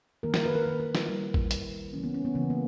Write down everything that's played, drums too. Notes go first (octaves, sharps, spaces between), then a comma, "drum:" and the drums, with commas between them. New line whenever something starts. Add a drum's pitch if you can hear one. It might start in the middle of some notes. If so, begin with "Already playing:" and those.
D#3 A#3 A#4
A#4, drum: snare
B4
A#4
D#3 A#3 B4
A#4
E4, drum: snare
D#3 G3 A#3
drum: kick A1
D#3 G3 A#3, drum: hi-hat
C#3 E3 A#3 C#4
B3
C#4
B3
C#3 E3 A#3 B3
A#3